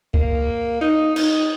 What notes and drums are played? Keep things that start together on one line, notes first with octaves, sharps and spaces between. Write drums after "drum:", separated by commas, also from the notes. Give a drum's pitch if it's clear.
A#3, drum: kick C#2
D#4
D#4, drum: cymbal